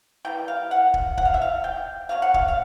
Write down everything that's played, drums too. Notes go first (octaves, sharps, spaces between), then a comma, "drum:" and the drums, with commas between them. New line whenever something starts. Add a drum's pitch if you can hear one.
E3 G3 A#3 G5
F5
F#5
drum: kick
F#5, drum: kick
F5
E5
F5
G5
C#3 F#3 A#3 F5
F#5
F5, drum: kick
F5